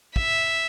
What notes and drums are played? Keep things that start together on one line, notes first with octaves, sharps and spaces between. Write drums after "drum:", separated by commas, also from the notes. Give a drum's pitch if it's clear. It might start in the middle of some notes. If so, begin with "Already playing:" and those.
E5, drum: kick